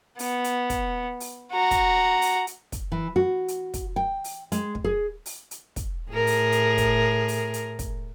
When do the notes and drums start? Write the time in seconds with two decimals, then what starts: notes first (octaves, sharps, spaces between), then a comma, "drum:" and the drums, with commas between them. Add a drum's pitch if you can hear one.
0.19 B3, drum: open hi-hat
0.44 drum: hi-hat
0.70 drum: kick, hi-hat
1.20 drum: open hi-hat
1.52 F#4 A#5
1.71 drum: kick, hi-hat
2.22 drum: open hi-hat
2.47 drum: hi-hat
2.72 drum: kick, hi-hat
2.92 E3
3.16 F#4
3.48 drum: hi-hat
3.74 drum: kick, hi-hat
3.96 G5
4.24 drum: open hi-hat
4.52 G#3, drum: hi-hat
4.75 drum: kick
4.84 G#4
5.26 drum: open hi-hat
5.51 drum: hi-hat
5.76 drum: kick, hi-hat
6.10 A2 G#4 A#4
6.27 drum: open hi-hat
6.52 drum: hi-hat
6.78 drum: kick, hi-hat
7.28 drum: open hi-hat
7.54 drum: hi-hat
7.79 drum: kick, hi-hat